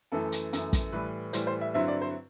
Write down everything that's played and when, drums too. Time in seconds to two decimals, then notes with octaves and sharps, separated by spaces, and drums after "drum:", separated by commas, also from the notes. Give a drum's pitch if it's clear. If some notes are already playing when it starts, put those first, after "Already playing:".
0.12 F#2 E3 A3 A4
0.32 drum: hi-hat
0.53 F#2 E3 A3, drum: hi-hat
0.73 drum: kick, hi-hat
0.92 A2 E3 G3 B4
1.33 A2 E3 G3 C5, drum: hi-hat
1.47 C5
1.61 E5
1.74 G2 D3 F#3 C4 E4 E5
1.88 D5
2.02 C5